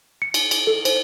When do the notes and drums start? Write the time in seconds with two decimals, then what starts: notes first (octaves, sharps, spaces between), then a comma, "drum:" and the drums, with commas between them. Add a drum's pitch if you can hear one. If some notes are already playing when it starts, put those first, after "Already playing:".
0.22 C#7
0.34 drum: cymbal
0.51 drum: cymbal
0.67 A4
0.85 C5, drum: cymbal